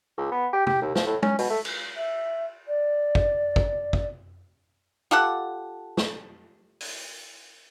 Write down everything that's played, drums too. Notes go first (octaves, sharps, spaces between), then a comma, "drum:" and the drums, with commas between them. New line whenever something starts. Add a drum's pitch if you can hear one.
C#2
B3
G4
G4, drum: tom
D#2
F3, drum: snare
A2
C#4, drum: tom G#3
B2, drum: open hi-hat
A3
drum: cymbal
E5
D5
drum: kick
drum: kick
drum: kick
F4 G4 A4 F#5
drum: snare
drum: open hi-hat